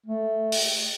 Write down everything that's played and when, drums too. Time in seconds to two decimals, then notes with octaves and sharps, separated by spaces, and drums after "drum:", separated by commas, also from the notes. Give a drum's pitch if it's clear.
0.06 A3
0.52 drum: open hi-hat